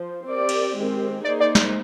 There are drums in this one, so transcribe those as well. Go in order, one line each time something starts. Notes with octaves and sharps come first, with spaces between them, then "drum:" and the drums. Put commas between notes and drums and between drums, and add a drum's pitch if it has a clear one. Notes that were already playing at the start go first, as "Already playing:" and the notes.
Already playing: F3 C5
C4 G4 A#4 D5
drum: cymbal
D#3 G#3 C4 G4
A#3 D#4 G#4 C5 D5
D5
drum: snare